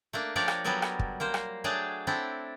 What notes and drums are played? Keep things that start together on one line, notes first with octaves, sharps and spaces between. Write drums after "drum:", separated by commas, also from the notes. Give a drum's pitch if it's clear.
A3 A#3 D4
F3 D4 G4 A#4 C#5 D5
drum: rim click
F#3 G3 B3 A4 A#4 G#5
drum: rim click
drum: kick
A#3 A#4 C5
drum: rim click
F#3 A3 D4 G#4 G5 A5
C4 D4 E4 A4